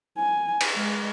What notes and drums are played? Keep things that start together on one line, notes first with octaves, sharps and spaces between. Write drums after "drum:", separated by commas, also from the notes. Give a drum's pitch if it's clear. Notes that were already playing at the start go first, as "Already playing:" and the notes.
G#5
drum: cymbal
G#3